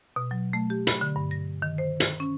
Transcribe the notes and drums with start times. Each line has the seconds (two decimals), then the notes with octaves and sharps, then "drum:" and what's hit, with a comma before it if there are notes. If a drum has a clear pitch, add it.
0.16 B2
0.31 F#3
0.53 A3
0.70 G4
0.87 B5, drum: hi-hat
1.01 D3
1.16 G2
1.31 A#6
1.62 D#3
1.78 C5
2.00 G#6, drum: hi-hat
2.20 C#4